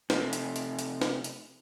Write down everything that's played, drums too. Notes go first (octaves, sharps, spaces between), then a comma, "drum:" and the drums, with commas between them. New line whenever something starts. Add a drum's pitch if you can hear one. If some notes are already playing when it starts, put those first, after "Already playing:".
C3 A3, drum: snare
drum: hi-hat
drum: hi-hat
drum: hi-hat
drum: snare
drum: hi-hat